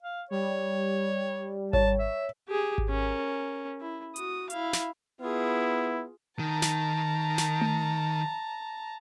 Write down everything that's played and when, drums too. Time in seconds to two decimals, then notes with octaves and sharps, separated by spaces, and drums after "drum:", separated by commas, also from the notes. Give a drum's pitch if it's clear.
0.03 F5
0.31 G3 C#5
1.73 C#5 A5, drum: kick G#1
1.99 E5
2.48 G4 G#4
2.78 drum: kick G#1
2.89 C#4 A#4
3.81 E4
4.16 F#4 D#6, drum: hi-hat
4.50 E4 F5, drum: hi-hat
4.73 drum: snare
5.21 B3 E4 F4 G#4
6.39 D#3 A5 A#5
6.62 drum: snare
7.38 drum: snare
7.61 drum: tom A3